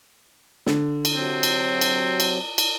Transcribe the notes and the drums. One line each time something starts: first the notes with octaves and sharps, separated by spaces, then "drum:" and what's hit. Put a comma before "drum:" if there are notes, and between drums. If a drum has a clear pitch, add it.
D3, drum: snare
drum: cymbal
C3 F#3 C4
drum: cymbal
drum: cymbal
drum: cymbal
drum: cymbal